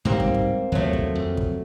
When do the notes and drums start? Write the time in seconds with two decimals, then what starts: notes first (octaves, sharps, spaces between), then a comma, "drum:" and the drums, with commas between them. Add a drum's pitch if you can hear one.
0.05 G#2 G3 A#3 C4
0.20 drum: kick
0.34 drum: kick
0.72 D#2 F3 F#3 A3
0.93 drum: kick
1.15 F2
1.37 drum: kick